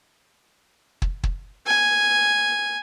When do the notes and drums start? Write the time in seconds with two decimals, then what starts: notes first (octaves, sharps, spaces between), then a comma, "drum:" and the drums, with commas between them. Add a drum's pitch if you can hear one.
1.02 drum: kick
1.23 drum: kick
1.67 G#5